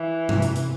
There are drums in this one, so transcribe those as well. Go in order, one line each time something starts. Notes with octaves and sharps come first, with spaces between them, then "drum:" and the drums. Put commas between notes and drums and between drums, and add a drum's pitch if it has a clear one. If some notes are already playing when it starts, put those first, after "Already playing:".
Already playing: E3
C3, drum: tom G2
drum: hi-hat
drum: hi-hat